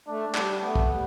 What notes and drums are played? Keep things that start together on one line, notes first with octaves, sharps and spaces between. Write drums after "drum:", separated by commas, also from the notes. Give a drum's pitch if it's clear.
A3 D4
A3
G3, drum: clap
A3 B3
drum: kick
G3